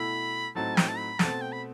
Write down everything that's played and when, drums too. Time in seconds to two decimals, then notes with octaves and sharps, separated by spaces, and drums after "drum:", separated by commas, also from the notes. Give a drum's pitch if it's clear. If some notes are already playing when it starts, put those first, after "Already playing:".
Already playing: B2 A3 E4 B5
0.55 A2 F#3 C4 D#4 A5
0.77 G5, drum: snare
0.88 A5
0.98 B5
1.19 B2 A3 C4 A5, drum: snare
1.41 G5
1.53 B5